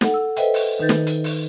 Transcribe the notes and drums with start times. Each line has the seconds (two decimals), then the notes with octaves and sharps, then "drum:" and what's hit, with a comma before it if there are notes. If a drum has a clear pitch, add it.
0.01 A4 F#5, drum: snare
0.14 E6
0.36 A4 B4 C5 D#5 E5 G5, drum: hi-hat
0.54 drum: open hi-hat
0.80 D#3 D#4 B4 G6 A6
0.89 drum: snare
1.07 drum: hi-hat
1.24 drum: open hi-hat